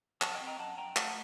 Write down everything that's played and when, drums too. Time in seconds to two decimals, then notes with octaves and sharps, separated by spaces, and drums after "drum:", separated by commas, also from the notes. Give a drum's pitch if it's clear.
0.22 F#2 F#5 A5, drum: clap
0.35 D#5 G5
0.41 C4
0.47 G5 A#5
0.59 F#2 F#5 A5
0.78 F#2 G5 A#5
0.96 A3 F#5 A5, drum: clap